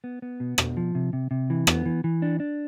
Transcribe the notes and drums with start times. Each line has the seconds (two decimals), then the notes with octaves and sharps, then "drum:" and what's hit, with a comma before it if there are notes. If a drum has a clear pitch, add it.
0.04 B3
0.22 B3
0.40 B2
0.58 B2, drum: rim click
0.77 F3
0.95 C3
1.13 C3
1.31 C3
1.50 E3
1.67 B3, drum: rim click
1.86 E3
2.04 E3
2.22 D4
2.40 D4